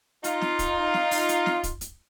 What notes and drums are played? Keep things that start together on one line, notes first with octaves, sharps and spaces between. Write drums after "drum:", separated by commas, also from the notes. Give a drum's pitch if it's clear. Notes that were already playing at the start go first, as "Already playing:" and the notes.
D#4 F4, drum: hi-hat
drum: snare
drum: kick, hi-hat
drum: snare
drum: open hi-hat
drum: hi-hat
drum: snare
drum: kick, hi-hat
drum: hi-hat